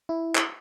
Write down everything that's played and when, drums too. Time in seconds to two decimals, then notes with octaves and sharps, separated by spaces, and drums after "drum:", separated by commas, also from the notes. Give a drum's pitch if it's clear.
0.09 E4
0.35 drum: clap